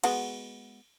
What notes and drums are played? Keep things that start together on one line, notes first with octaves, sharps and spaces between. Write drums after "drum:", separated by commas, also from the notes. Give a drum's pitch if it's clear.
G#3 B3 F#4, drum: cymbal